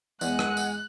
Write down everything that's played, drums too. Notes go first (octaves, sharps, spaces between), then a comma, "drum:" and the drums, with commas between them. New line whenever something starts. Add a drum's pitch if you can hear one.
E2 G#3 D#5 F#5 G#5 F#6, drum: tambourine
drum: rim click
drum: tambourine